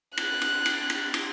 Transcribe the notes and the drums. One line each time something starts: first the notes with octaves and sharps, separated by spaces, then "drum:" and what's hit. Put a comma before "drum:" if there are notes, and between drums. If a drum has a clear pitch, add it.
F#6, drum: cymbal
drum: cymbal
drum: cymbal
drum: cymbal
drum: cymbal